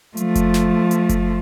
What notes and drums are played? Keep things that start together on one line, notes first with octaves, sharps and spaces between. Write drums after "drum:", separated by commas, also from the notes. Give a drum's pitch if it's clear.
F3 A3, drum: hi-hat
drum: kick F#1, hi-hat
drum: snare
drum: hi-hat
drum: kick F#1, hi-hat